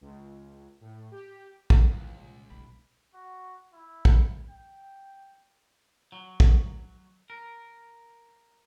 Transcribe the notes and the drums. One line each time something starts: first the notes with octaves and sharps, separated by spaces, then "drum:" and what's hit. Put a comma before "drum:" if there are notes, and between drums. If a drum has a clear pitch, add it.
C#2
A2
G4
drum: kick
C#2 E3 F5
C2 A#2
D#1 B1 B5
F#4
E4
drum: kick
G5
F#3
drum: kick
A#4